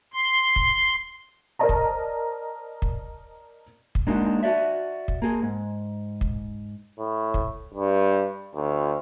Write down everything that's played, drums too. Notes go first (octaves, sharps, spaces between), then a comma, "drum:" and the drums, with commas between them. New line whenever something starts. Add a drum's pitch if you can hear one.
C6
drum: kick
A#4 C5 D5 D#5 A5 A#5
drum: kick
drum: kick
drum: kick
G#3 A#3 D4 D#4 F#4
F#4 D5 E5
drum: kick
A#3 G#4
G#2
drum: kick
A2
drum: kick
G2
D2